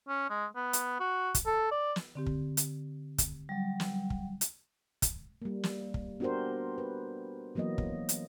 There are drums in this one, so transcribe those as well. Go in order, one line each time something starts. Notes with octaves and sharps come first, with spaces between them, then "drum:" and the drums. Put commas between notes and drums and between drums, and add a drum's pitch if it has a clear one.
C#4
G#3
B3
drum: hi-hat
F#4
drum: kick, hi-hat
A4
D5
drum: snare
D3 C4 G4
drum: kick
drum: hi-hat
drum: kick, hi-hat
F#3 G3
drum: snare
drum: kick
drum: hi-hat
drum: kick, hi-hat
G3 A#3
drum: snare
drum: kick
B3 D4 F#4 G4 A#4 C5
B4
E3 F#3 A#3 B3 D#5
drum: kick
drum: hi-hat